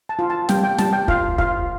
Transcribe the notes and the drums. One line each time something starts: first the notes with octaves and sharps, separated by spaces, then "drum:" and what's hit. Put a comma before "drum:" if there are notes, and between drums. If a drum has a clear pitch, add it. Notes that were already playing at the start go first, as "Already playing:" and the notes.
A5
F4
A5
G3 G5, drum: snare
G5
G3 A5, drum: snare
G5
F4 F5, drum: kick
F4 F5, drum: kick